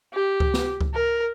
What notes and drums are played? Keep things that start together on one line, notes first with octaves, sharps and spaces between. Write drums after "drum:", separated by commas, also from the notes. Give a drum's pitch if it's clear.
G4
drum: kick C#2
drum: snare
drum: kick C#2
A#4